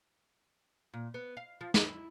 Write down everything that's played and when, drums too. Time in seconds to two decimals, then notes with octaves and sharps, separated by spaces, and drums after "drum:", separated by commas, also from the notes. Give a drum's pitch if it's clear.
0.94 A#2
1.14 B3
1.37 F5
1.61 F3
1.74 E4, drum: snare